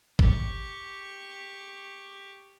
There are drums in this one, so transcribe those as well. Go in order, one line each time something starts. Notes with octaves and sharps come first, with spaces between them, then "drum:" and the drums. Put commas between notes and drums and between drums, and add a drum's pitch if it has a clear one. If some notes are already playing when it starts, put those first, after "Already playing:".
G4 C#6, drum: kick